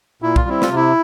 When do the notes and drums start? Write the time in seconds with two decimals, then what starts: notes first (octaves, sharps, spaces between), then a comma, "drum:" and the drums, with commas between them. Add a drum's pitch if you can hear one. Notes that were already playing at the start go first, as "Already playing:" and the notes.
0.22 A#2 E4
0.36 F4, drum: kick B1
0.45 G3 C4 E4
0.62 F4, drum: snare
0.69 C3
0.76 E4